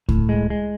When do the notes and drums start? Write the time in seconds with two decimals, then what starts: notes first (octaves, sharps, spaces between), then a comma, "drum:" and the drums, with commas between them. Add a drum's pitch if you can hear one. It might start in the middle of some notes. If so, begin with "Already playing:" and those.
0.09 A2, drum: kick C#2
0.29 G#3
0.50 G#3